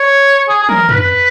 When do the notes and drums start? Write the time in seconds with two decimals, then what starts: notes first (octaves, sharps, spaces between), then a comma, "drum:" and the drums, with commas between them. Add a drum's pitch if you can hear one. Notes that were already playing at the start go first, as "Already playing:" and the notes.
Already playing: C#5
0.49 G#4
0.63 G#4
0.69 A#4, drum: tom
0.89 B4, drum: tom